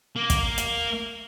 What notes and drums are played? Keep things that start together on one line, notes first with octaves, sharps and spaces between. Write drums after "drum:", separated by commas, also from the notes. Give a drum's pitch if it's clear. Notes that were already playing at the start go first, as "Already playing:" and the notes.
A#3
drum: kick, hi-hat
drum: hi-hat